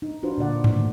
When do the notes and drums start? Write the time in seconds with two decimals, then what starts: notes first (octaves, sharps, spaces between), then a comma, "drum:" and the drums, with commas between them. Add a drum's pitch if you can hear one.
0.02 D#4
0.23 D4 F4 F#4 B4 C5
0.38 A#2 D3 D5 F#5
0.64 drum: tom G2
0.76 A#2 D#3 A3